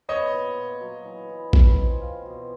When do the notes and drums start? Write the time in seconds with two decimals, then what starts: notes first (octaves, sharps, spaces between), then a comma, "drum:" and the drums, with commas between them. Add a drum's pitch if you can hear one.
0.08 B3 C#5 D#5
0.32 A#2
0.57 A#2
0.81 F#3
1.05 E3
1.30 E3
1.53 E3, drum: kick A#1
1.78 C4
2.01 F4
2.26 B2